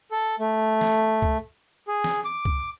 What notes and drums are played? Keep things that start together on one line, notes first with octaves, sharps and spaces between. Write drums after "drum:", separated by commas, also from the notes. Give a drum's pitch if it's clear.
A4
A3
drum: snare
drum: kick
G#4
drum: snare
D6
drum: kick